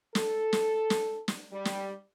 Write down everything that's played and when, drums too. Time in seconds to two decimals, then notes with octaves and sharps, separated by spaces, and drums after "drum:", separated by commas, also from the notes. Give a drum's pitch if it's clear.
0.15 A4, drum: snare
0.53 drum: snare
0.90 drum: snare
1.28 drum: snare
1.52 G3
1.65 drum: snare